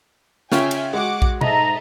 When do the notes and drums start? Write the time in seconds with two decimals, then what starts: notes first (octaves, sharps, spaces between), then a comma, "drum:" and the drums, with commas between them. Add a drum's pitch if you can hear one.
0.52 C#3 C#4 F4 E5 G5 G#5, drum: snare
0.71 drum: cymbal
0.93 G#3 F#4 F#5 D6
1.22 drum: kick A#1
1.41 G#2 A4 D#5 E5 A#5, drum: tom B2